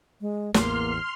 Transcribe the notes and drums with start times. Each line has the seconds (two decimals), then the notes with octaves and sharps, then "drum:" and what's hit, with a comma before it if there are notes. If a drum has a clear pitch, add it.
0.21 G#3
0.54 A1 E2 A#3 C6 F6, drum: snare